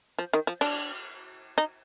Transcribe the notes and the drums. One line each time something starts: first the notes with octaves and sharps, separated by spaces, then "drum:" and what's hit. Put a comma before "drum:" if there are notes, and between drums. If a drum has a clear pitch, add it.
F3
D#3
F3
D4, drum: cymbal
D#4